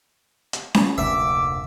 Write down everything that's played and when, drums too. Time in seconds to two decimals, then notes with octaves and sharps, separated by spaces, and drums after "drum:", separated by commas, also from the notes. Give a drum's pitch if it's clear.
0.53 drum: hi-hat
0.74 drum: snare C#4
0.98 F1 D2 A#2 E5 D6